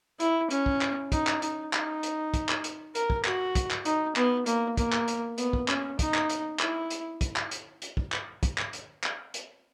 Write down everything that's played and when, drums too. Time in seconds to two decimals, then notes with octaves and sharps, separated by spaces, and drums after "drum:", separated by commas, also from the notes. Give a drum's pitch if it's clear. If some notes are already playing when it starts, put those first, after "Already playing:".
0.20 E4, drum: hi-hat
0.50 C#4, drum: hi-hat
0.66 drum: kick
0.81 drum: clap
1.12 D#4, drum: kick, hi-hat
1.27 drum: clap
1.42 D#4, drum: hi-hat
1.73 D#4, drum: clap
2.03 drum: hi-hat
2.34 drum: kick, hi-hat
2.49 drum: clap
2.64 drum: hi-hat
2.95 A#4, drum: hi-hat
3.10 drum: kick
3.25 F#4, drum: clap
3.55 drum: kick, hi-hat
3.71 drum: clap
3.85 D#4, drum: hi-hat
4.16 B3, drum: clap
4.46 A#3, drum: hi-hat
4.77 A#3, drum: kick, hi-hat
4.92 drum: clap
5.08 drum: hi-hat
5.38 B3, drum: hi-hat
5.53 drum: kick
5.68 C#4, drum: clap
5.99 D#4, drum: kick, hi-hat
6.14 drum: clap
6.30 drum: hi-hat
6.59 E4, drum: clap
6.90 drum: hi-hat
7.21 drum: kick, hi-hat
7.36 drum: clap
7.51 drum: hi-hat
7.82 drum: hi-hat
7.97 drum: kick
8.12 drum: clap
8.43 drum: kick, hi-hat
8.58 drum: clap
8.73 drum: hi-hat
9.04 drum: clap
9.34 drum: hi-hat